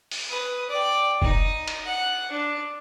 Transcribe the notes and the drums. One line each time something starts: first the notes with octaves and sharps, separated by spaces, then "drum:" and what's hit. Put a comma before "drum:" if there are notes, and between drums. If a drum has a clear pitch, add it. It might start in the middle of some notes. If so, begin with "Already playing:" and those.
drum: open hi-hat
B4 D#6
D5 G5
D#4 D#5, drum: kick
drum: cymbal
F#5
D4